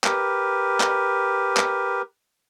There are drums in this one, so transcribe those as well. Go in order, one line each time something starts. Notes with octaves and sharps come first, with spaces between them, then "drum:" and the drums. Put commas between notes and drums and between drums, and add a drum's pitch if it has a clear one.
G4 A#4 B4, drum: clap
drum: clap
drum: clap